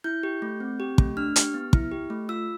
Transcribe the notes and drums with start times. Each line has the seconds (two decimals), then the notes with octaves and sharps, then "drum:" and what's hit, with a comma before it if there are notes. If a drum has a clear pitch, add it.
0.04 E4 G6
0.23 G4
0.42 A3
0.60 C4
0.80 G4
0.98 A3, drum: kick
1.17 D4 F6
1.36 G4, drum: hi-hat
1.54 B3
1.73 E4, drum: kick
1.92 G4
2.10 A3
2.29 F4 E6